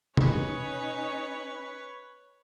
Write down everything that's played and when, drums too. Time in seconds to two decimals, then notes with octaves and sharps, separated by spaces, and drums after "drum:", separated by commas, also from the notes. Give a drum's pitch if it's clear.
0.17 C#4 D#4 B4 C#5, drum: tom B2